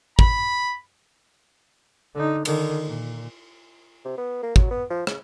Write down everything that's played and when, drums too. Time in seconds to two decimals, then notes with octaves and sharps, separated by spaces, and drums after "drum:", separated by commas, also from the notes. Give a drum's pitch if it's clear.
0.19 B5, drum: kick
2.14 D3 D#4
2.45 D3 D#3, drum: cymbal
2.85 A#2
4.05 C3
4.18 B3
4.43 A#3
4.56 F#3, drum: kick
4.71 B3
4.90 F3
5.07 C#3, drum: rim click